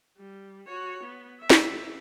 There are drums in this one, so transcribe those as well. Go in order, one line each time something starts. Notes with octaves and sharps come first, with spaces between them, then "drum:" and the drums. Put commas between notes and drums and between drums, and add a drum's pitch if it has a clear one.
G3
F#4 C#5
B3
E5
drum: snare